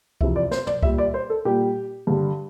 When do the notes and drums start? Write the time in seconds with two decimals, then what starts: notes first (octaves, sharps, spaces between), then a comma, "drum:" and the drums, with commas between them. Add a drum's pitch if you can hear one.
0.21 F2 C3 E3 E5, drum: kick C2
0.36 D5
0.51 C5, drum: snare
0.67 D5, drum: tom
0.83 A#2 G3 E5, drum: kick C2
0.98 D5
1.14 C5
1.30 A4
1.45 A#2 G3 G4
2.07 G2 D3 G3